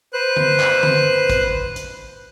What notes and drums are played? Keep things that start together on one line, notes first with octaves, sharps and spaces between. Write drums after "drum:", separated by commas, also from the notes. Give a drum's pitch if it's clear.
B4 C5 F#6
drum: tom D3
drum: clap
drum: tom D3
drum: kick, hi-hat
drum: hi-hat